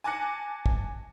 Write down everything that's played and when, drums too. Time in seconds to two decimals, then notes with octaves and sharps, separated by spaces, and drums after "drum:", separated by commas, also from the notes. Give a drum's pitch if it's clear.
0.04 G#5 A5 D6 F#6 A#6 C#7
0.66 drum: kick